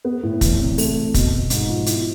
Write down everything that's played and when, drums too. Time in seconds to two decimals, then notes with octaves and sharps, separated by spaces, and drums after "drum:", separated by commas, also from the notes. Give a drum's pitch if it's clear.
0.05 B3
0.23 A2
0.41 E2, drum: kick, hi-hat
0.60 C3
0.78 A3, drum: open hi-hat
0.95 C3
1.14 B2, drum: kick, hi-hat
1.32 B2
1.50 G#2, drum: hi-hat
1.68 F3
1.86 E4, drum: hi-hat